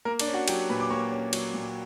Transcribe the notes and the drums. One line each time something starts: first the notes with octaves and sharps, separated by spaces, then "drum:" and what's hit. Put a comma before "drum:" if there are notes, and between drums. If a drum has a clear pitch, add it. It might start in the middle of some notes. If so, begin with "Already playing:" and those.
A#3 A#4
D4 D5, drum: cymbal
C#4
F#4 F#5
F#3 G4 G5, drum: cymbal
A#2 B4 B5
D6
A#3 C#5 C#6
C#4
F#3, drum: cymbal
A#2